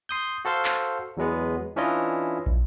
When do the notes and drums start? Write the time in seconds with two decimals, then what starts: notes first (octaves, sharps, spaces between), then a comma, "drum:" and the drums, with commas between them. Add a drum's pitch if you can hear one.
0.09 C6 D#6 G6
0.45 F#4 A4 C5 F5 C6
0.65 drum: clap
1.17 E2 F#3 G#3 B3
1.76 E3 C#4 D4 E4 F4 D#5
2.46 drum: kick